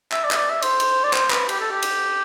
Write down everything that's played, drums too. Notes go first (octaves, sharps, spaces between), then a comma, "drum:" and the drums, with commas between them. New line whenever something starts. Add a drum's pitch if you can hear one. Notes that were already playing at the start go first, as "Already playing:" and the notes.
E5, drum: clap
D5
E5, drum: clap
D5
E5
C5, drum: cymbal
drum: cymbal
D5
C5, drum: clap
B4, drum: clap
G4, drum: cymbal
A4
G4
drum: cymbal